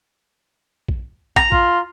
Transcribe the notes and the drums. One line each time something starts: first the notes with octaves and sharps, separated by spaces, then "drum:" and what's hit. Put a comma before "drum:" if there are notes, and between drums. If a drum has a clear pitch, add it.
drum: kick
A#5, drum: kick
F4, drum: kick